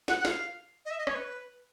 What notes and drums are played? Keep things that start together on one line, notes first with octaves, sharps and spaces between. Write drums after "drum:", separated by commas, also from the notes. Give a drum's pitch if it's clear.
F#5, drum: snare
F#5
F5, drum: snare
D#5
E5
D#5
C#5, drum: rim click
B4